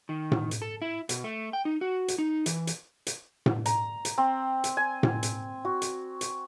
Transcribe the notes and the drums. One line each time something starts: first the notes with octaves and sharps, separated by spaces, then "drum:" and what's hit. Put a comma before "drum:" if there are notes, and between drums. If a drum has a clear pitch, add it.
D#3
drum: tom A2
drum: hi-hat
A4
E4
B2, drum: hi-hat
A3
G5
D#4
F#4
drum: hi-hat
D#4
E3, drum: hi-hat
drum: hi-hat
drum: hi-hat
drum: tom A2
A#5, drum: hi-hat
drum: hi-hat
C4
drum: hi-hat
G#5
drum: tom A2
drum: hi-hat
F#4
drum: hi-hat
drum: hi-hat